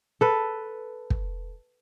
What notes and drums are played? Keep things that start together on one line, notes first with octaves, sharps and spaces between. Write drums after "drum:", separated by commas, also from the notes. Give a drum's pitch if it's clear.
A4 B4
drum: kick